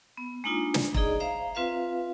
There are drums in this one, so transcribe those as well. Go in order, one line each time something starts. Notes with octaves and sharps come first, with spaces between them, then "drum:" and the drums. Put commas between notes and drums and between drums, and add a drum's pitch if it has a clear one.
B3
G#3 A#3 D4 D#4 F4
drum: snare
D#4 G#4 D5 D#5 A#5, drum: kick E1
C5 E5 F5 A#5
C4 F4 B4 E5 F5